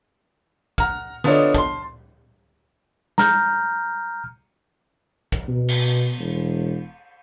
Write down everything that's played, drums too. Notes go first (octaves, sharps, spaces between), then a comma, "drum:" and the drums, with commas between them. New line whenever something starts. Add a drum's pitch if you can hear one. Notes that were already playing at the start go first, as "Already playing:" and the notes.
F#5 A#5 F6, drum: kick A1
B3 D4 F4 A4 C#5 D#5, drum: tom D3
A5 C6, drum: kick A1
A#5 F6 G6, drum: snare
drum: kick A1
B2
drum: cymbal
E1